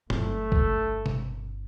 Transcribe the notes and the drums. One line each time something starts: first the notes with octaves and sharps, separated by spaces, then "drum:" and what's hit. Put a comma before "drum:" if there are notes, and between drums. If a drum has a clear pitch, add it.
G1 A3, drum: tom
drum: kick A#1
drum: tom B2